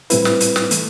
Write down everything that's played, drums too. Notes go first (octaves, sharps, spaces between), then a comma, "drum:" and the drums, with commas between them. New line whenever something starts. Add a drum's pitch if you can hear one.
A2 G3 C4 E4 B4, drum: hi-hat
drum: snare
drum: hi-hat
drum: snare
E3 A3, drum: hi-hat